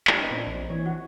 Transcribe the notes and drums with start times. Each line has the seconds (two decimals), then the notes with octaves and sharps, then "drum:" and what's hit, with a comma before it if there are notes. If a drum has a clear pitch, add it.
0.07 drum: clap
0.18 C#4 D#4 B4
0.31 A#2 C4 D4
0.47 A#1
0.70 E3 C#5
0.86 F#4